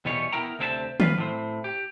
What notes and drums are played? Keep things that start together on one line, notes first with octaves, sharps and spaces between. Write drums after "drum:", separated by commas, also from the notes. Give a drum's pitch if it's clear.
E2 B2 G3 B3 C#5
B3 E4 A#4 G5 A#5
D2 C3 C4 A#4 E5 A5
F4 B4, drum: tom D#3
A2 C4
G4